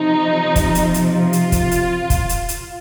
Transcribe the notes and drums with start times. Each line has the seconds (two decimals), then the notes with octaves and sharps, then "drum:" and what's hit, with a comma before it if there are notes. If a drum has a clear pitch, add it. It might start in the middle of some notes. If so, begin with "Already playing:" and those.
Already playing: C3 F3 D#4
0.56 drum: kick, hi-hat
0.75 drum: hi-hat
0.94 drum: hi-hat
1.13 F4
1.33 drum: hi-hat
1.52 drum: kick, hi-hat
1.71 drum: hi-hat
2.10 drum: kick, hi-hat
2.29 drum: hi-hat
2.49 drum: hi-hat